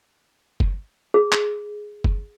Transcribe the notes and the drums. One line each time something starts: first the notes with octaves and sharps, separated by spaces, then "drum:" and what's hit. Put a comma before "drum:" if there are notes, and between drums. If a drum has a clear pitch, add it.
drum: kick
G#4
drum: clap
drum: kick